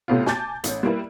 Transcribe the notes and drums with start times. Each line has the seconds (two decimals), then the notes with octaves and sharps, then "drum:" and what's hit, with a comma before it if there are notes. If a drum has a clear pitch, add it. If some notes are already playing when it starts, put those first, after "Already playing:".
0.08 A2 C3 A3 B3 C#4 F4
0.26 G#5 A5 D6 G6 A6, drum: snare
0.64 A1 C#4, drum: hi-hat
0.83 G3 A#3 E4 B4